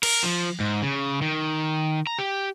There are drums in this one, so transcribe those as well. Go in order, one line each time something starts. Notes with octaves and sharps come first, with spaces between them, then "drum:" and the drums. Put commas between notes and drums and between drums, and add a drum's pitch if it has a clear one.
A#4, drum: cymbal
F3
G#2
C#3
D#3
A#5
G4